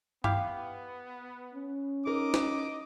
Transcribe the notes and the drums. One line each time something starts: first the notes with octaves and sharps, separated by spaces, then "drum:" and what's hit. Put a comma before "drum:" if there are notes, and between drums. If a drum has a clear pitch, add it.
B3 E4 G4 F5, drum: tom G2
C#4
D#4 A#4 D#5 D6
drum: snare